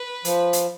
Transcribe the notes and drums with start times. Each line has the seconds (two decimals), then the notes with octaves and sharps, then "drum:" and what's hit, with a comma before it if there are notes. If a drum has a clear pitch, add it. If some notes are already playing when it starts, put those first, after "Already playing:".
Already playing: B4
0.25 F3, drum: hi-hat
0.53 drum: hi-hat